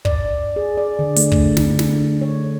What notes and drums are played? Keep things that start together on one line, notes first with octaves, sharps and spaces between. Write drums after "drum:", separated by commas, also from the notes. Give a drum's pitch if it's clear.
D5, drum: kick
G#4
D5
D3
A3, drum: hi-hat
drum: kick
D3, drum: snare
drum: snare
C#5